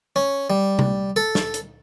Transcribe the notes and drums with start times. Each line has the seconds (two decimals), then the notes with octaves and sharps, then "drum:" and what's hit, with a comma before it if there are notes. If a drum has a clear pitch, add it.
0.16 C#4
0.50 G3
0.79 drum: tom C3
1.16 A4
1.35 drum: snare
1.54 drum: hi-hat